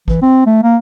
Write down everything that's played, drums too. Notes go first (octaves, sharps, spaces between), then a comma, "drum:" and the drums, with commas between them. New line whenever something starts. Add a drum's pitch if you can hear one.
E3, drum: kick
C4
A3
A#3